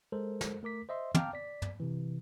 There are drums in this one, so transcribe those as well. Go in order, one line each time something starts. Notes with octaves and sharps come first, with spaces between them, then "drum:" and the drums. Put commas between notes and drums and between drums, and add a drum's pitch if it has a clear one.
G#3 A4 A#4 C5
drum: snare
A3 A#4 D6 B6
C5 D#5 E5 C6
F5 G5 A5 A#5 D6 F6, drum: tom
D5 B6
drum: tom
C3 E3